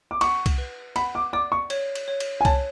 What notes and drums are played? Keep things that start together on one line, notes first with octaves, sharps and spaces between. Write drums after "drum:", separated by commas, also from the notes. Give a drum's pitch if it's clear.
D6
F#5 C#6, drum: cymbal
drum: kick C2, cymbal
B4
F#5 B5, drum: cymbal
D6
D5 D6
C#6
C#5, drum: cymbal
drum: cymbal
C#5
drum: cymbal
G#5
C#5 A5, drum: kick C2, cymbal